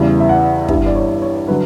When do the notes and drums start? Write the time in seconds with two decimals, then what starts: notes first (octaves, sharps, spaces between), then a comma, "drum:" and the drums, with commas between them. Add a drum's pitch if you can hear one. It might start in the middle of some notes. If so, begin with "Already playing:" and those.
Already playing: E2 C#3 G3
0.20 E5
0.29 F#5
0.69 G2 E3 G3 E5, drum: kick
0.86 D5
0.95 C#5
1.22 C#5
1.48 D3 F#3 B4